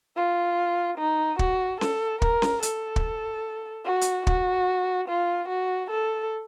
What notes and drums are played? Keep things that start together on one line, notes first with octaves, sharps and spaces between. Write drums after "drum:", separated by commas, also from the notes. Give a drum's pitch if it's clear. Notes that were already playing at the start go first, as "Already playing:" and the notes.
F4
D#4
F#4, drum: kick
A4, drum: snare C#4
A#4, drum: kick
drum: snare C#4
A4, drum: hi-hat
drum: kick
F#4
drum: hi-hat
F#4, drum: kick
F4
F#4
A4